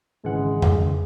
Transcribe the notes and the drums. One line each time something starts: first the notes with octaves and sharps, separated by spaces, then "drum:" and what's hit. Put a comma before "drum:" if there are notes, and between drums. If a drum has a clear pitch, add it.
G#1 C#3 E3 G#3 F#5
drum: tom F2